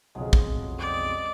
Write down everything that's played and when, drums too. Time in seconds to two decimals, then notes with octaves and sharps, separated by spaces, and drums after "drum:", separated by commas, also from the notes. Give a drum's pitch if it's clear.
0.15 B1 F2 C#3 F#3 G#3
0.33 drum: kick
0.79 C4 D5 D#5